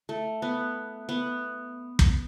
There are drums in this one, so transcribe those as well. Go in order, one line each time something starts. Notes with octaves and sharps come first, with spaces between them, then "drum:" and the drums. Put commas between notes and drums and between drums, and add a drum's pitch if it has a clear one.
A3
B3
B3
drum: kick